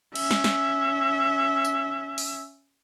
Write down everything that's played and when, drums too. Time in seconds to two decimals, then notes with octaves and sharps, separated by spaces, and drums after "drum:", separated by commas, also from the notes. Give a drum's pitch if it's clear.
0.15 C#4 E5, drum: cymbal
0.31 drum: snare
0.44 drum: snare
1.65 drum: tambourine
2.18 drum: open hi-hat